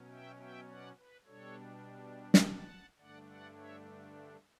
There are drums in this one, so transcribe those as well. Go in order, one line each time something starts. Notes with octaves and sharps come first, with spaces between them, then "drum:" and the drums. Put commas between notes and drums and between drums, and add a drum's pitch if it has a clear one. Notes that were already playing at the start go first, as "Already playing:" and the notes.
Already playing: B2 F#3 C#4
E5 G5
E5 G5
D5 F#5
B4
B2 G3 D4 A4 C#5
drum: snare
F#5 A5
G2 D3 A3 D4 D5 F#5
D5 F#5
C#5 E5